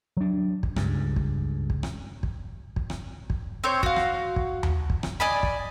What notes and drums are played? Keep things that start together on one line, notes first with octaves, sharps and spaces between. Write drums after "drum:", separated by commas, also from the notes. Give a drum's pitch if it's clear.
F#3 D4
drum: kick
C#2 G2, drum: rim click
drum: kick
drum: kick
drum: rim click
drum: kick
drum: kick
drum: rim click
drum: kick
C4 C5 C#5 G6
F#4 F5, drum: kick
drum: rim click
drum: kick
drum: tom D#2
drum: kick
drum: rim click
D5 D#5 G#5 B5
drum: kick